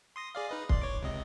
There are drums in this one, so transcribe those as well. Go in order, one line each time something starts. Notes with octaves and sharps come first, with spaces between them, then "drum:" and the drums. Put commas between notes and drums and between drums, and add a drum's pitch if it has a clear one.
C6 D#6 A#6
G#4 D5 F5
D#4 B4 D#5
D5 C6, drum: kick
C#5 D6
C#2 C3 D#5